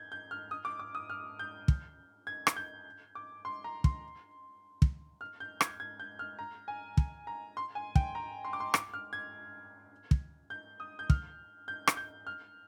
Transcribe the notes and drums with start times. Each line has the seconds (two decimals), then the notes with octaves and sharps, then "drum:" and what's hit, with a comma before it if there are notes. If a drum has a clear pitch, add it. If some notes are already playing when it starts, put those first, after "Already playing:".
Already playing: G6 G#6
0.12 G6
0.31 F6
0.51 D#6
0.65 D6
0.79 D6
0.95 D#6
1.10 F6
1.39 G6
1.68 drum: kick
2.27 G#6
2.47 drum: rim click
2.56 G6
3.15 D6
3.45 C6
3.64 A#5
3.84 C6, drum: kick
4.82 drum: kick
5.21 F6
5.40 G6
5.61 G#6, drum: rim click
5.80 G#6
6.00 G6
6.19 F6
6.39 A#5
6.68 G#5
6.97 drum: kick
7.27 A#5
7.57 C6
7.75 G#5
7.95 G5, drum: kick
8.15 A#5
8.45 C6
8.53 D6
8.60 C6
8.74 D6, drum: rim click
8.94 F6
9.13 G#6
10.11 drum: kick
10.50 G6
10.80 D#6
10.99 G6
11.10 F6, drum: kick
11.68 G6
11.87 drum: rim click
11.97 G6
12.27 F6